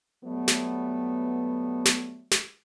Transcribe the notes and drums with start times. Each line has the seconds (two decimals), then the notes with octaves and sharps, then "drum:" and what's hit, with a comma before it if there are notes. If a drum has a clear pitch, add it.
0.25 F#3 G3 A3 B3
0.48 drum: snare
1.85 drum: snare
2.31 drum: snare